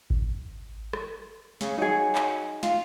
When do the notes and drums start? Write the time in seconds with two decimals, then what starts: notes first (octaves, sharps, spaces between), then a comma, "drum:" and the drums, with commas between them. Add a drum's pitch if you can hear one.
0.10 drum: kick G#1
0.93 drum: rim click
1.61 C#3, drum: snare
1.78 F#3 D#4 G#4
2.15 drum: clap
2.63 F4, drum: snare